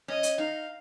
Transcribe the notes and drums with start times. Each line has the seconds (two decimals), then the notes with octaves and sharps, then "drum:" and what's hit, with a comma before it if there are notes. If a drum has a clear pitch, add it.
0.08 C#4 D#5
0.23 drum: hi-hat
0.38 D#4 F5